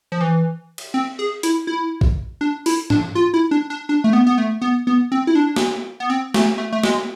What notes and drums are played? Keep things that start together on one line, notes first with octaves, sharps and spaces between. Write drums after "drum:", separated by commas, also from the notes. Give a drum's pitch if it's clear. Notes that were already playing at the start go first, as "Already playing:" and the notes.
F3
E3
drum: cymbal
C4
G#4
E4, drum: hi-hat
E4
drum: kick A#1
D4
E4, drum: open hi-hat
D4, drum: tom G#2
F4
E4
D4
D4
D4
A3
B3
B3
A3
B3
B3
C4
E4
D4
drum: snare
B3
C4
A3, drum: snare
A3
A3
G#3, drum: snare